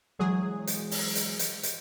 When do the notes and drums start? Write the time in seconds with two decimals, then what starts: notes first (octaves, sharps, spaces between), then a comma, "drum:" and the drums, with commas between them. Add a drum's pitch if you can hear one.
0.19 E3 F#3 G#3 G#4
0.67 drum: hi-hat
0.91 drum: open hi-hat
1.15 drum: hi-hat
1.39 drum: hi-hat
1.63 drum: hi-hat